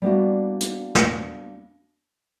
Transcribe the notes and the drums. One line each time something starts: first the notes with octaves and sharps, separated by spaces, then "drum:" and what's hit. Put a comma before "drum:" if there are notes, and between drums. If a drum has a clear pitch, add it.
G3 A#3 B3 D4 E4 F#4
drum: hi-hat
drum: snare